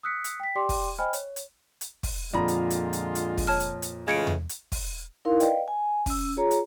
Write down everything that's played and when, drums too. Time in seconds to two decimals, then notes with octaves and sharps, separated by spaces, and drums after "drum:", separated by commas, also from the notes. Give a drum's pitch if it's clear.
0.03 D#6 E6 F#6 B6 C#7
0.24 drum: hi-hat
0.40 G5 B6
0.55 G4 D5 G5 C6 D6
0.69 drum: kick, open hi-hat
0.99 C5 D#5 G5 G#5 B5 F6
1.13 C#5, drum: hi-hat
1.36 drum: hi-hat
1.81 drum: hi-hat
2.03 drum: kick, open hi-hat
2.34 F2 A#2 D3 G#3 F4 D5 A#5 B5
2.48 drum: hi-hat
2.70 drum: hi-hat
2.93 drum: hi-hat
3.15 drum: hi-hat
3.37 drum: kick, open hi-hat
3.47 C#5 A5 F6
3.60 drum: hi-hat
3.82 drum: hi-hat
4.08 A2 C#3 E3 G#3 F4 G#6 C#7 D7
4.27 drum: tom E2
4.49 drum: hi-hat
4.72 drum: kick, open hi-hat
5.25 D#4 E4 A#4 F5 C6
5.40 B4 D5 D#5 F5 G5, drum: hi-hat
5.68 G#5
6.06 C#4 E6, drum: kick, open hi-hat
6.36 F4 G#4 C#5 A#5
6.51 drum: hi-hat